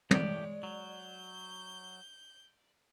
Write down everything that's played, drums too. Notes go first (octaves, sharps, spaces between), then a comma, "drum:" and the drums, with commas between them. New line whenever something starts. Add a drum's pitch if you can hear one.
A2 G#3 G4 C#5 D5, drum: tom
F#3 G6